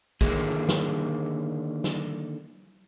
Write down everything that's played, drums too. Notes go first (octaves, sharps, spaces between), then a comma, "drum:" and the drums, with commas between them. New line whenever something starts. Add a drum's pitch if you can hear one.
D3 D#3 A#3 G#4, drum: kick
drum: snare
drum: snare